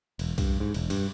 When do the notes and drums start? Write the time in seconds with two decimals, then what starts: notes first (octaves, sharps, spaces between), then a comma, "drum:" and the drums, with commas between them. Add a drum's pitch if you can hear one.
0.19 E1, drum: cymbal
0.38 G2, drum: kick B1, cymbal
0.60 G#2
0.74 E1, drum: cymbal
0.90 G2, drum: cymbal